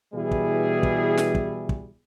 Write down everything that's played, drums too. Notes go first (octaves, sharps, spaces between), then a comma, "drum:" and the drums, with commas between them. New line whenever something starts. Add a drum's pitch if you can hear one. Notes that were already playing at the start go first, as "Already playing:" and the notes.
B2 E3 G3 E4 G#4
drum: kick
drum: kick
drum: snare
drum: kick
drum: kick